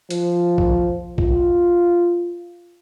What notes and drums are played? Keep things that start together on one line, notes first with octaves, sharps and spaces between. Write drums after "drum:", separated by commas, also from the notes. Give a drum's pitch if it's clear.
F3, drum: hi-hat
drum: kick
F4, drum: kick